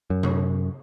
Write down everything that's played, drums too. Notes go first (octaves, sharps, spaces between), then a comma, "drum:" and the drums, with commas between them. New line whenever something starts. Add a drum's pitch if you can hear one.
F#2
drum: tom C3